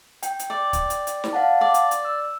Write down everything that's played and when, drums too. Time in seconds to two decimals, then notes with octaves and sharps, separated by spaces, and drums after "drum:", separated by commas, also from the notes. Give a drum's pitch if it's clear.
0.23 G5, drum: hi-hat
0.39 drum: hi-hat
0.50 D5
0.73 drum: kick, hi-hat
0.90 drum: hi-hat
1.07 drum: hi-hat
1.24 drum: snare
1.33 F5 F#5 A5
1.61 D5
1.74 drum: hi-hat
1.91 drum: hi-hat
2.05 E6